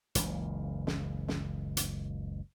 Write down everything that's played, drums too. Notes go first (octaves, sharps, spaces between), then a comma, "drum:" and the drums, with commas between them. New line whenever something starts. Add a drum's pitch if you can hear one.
F#1 C#2 A#2 E3, drum: hi-hat
drum: snare
drum: snare
drum: hi-hat